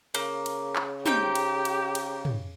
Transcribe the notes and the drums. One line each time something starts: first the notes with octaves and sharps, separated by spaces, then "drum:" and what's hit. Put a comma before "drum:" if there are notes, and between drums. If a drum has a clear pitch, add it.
C#3 A#3, drum: cymbal
drum: cymbal
drum: clap
C4 D#4 G4 G5, drum: tom
drum: cymbal
drum: cymbal
drum: cymbal
drum: tom